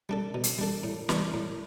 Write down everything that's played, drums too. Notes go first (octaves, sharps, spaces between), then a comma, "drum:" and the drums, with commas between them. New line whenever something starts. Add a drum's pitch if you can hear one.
G3 D4 A4
B2
drum: hi-hat
G3 D4 A4
A2
E3 G3 B3 D4, drum: snare
A2